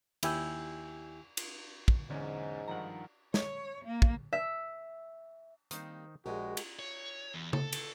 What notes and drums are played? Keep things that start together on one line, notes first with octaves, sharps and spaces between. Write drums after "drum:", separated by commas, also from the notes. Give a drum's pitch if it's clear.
D#2 E4 G4 G#5 E6 G6, drum: cymbal
drum: cymbal
drum: kick
B1 E2 G#2 D3 C#4
G2 D#3 F3 F#5 A#5
C#5, drum: snare
A#3
drum: kick
E5
D#3 G3 A#3 C4 D#4 C5, drum: hi-hat
A#1 G#3 F#4 G4 A#4 G#5
drum: cymbal
C#5
E2
A4, drum: tom C#3
drum: cymbal